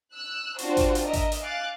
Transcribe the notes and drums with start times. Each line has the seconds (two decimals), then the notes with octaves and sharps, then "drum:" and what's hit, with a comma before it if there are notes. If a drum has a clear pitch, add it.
0.15 E6 F#6
0.59 C4 D4 F4 F#4 C5, drum: hi-hat
0.77 drum: kick G#1, hi-hat
0.95 drum: hi-hat
1.04 A#4 D#5 E5
1.13 drum: kick G#1, hi-hat
1.32 drum: hi-hat
1.41 F5 G#5 D6 F#6 A6